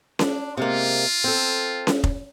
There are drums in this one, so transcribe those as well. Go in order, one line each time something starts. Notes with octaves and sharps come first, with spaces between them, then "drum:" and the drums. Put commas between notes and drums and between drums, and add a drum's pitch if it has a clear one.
D4, drum: snare C#4
C3 G#3 A#3 F4
C4 A4
drum: snare C#4
drum: kick F1